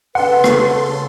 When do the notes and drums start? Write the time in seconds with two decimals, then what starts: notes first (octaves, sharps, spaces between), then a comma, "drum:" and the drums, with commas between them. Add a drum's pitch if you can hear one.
0.15 C#3 A4 B4 F#5 C6
0.44 drum: rim click